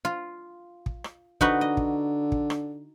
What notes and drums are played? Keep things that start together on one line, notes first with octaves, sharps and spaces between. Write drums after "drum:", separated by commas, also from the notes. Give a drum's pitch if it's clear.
F4
drum: kick
drum: rim click
D3 D#4 F#4 B4, drum: kick
D#5
drum: kick
drum: kick
drum: rim click